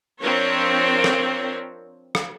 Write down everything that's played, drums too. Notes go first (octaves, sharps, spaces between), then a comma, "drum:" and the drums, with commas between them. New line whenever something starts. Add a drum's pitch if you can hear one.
F3 C4 D4 A#4 C#5
drum: rim click
drum: rim click